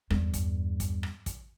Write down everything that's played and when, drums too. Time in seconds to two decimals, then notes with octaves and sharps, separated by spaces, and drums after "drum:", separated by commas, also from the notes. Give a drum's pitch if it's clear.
0.10 E2 G2, drum: rim click
0.34 drum: kick, hi-hat
0.80 drum: kick, hi-hat
1.03 drum: rim click
1.26 drum: kick, hi-hat